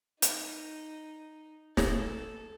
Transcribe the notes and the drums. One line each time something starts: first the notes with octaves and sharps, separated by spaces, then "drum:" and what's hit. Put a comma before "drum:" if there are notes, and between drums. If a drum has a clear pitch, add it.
D#4, drum: hi-hat
A4, drum: snare